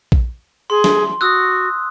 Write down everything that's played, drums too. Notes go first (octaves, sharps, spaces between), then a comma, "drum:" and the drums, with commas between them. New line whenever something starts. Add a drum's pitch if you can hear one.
drum: kick A#1
G#4 C6
drum: snare
F#4 D#6 E6 F#6